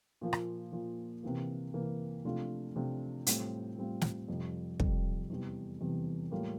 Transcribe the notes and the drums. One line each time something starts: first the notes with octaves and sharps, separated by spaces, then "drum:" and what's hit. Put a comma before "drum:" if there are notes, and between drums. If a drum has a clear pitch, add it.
A#2 F3 A#3
drum: rim click
A#2 F3 A#3
C3 E3 A#3
C3 E3 A#3
C3 F3 A3 D4 F4
C3 F3 A3 D4 F4
A2 G3 C4 F4, drum: hi-hat
A2 G3 C4 F4
drum: snare
F2 C3 G3
F2 C3 G3, drum: kick
E2 C3 E3 G3
E2 C3 E3 G3
A2 G3 A#3 F4